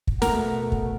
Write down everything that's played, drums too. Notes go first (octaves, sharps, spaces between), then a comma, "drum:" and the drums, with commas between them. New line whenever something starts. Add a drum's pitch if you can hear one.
drum: kick
B2 A3 A#4 F#5, drum: snare
drum: kick